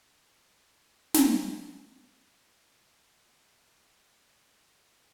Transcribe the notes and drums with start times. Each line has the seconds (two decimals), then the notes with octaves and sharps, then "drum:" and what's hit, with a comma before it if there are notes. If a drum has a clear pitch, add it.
0.74 A#1 F6
1.14 drum: snare
2.46 C3 D#3 F3 A4 C7
3.09 G#3
3.25 C4 C#4 D#4 F#4 G#4